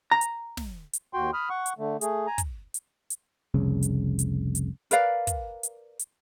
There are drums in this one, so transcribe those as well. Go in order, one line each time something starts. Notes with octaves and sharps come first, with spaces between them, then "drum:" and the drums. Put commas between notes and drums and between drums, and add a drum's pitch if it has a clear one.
A#5
drum: hi-hat
drum: snare
drum: hi-hat
D#2 F#4 G5 C6
B5 D#6 F6
F#5 C#6
drum: hi-hat
D3 A3
A3 G#4, drum: hi-hat
G#5 A#5
drum: kick, hi-hat
drum: hi-hat
drum: hi-hat
F1 C2 C#3
drum: hi-hat
drum: hi-hat
drum: hi-hat
A#4 B4 D5 F5, drum: hi-hat
drum: kick, hi-hat
drum: hi-hat
drum: hi-hat